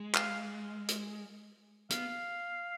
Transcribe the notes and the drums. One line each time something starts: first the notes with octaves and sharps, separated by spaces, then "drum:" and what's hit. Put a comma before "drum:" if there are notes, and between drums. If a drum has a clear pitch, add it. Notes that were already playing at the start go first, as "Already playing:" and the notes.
Already playing: G#3
F5, drum: clap
drum: hi-hat
B3 F5, drum: hi-hat